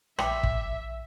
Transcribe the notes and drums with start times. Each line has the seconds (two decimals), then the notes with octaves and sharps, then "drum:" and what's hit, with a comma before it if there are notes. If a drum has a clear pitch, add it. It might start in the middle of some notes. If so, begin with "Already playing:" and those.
0.18 A#1 E5 G5 D6, drum: rim click
0.43 drum: kick G1